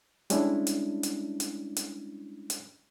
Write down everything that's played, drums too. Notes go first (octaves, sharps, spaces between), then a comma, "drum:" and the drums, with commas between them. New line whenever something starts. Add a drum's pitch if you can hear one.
G3 G#3 C#4 D4 E4, drum: hi-hat
drum: hi-hat
drum: hi-hat
drum: hi-hat
drum: hi-hat
drum: hi-hat